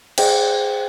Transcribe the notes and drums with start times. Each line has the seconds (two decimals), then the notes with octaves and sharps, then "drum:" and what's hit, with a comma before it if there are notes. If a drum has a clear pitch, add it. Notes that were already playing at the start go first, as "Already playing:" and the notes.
0.18 G#4 C5 G5, drum: cymbal